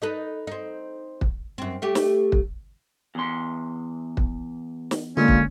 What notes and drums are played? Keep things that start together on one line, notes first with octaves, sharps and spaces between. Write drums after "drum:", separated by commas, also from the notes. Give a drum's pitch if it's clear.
D#4 A4 B4
C4 D#4
drum: kick
F#2 C4
A3 G4
drum: snare
drum: kick
E2 C6
drum: kick
drum: snare
A#2 D3 G#3 A#3 C#4
drum: kick